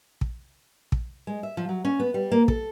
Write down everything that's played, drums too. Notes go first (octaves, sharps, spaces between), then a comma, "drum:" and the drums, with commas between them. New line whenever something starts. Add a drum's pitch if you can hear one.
drum: kick
drum: kick
G#3
E5
F3
F#3
C#4
B3
G3
A#3
A4, drum: kick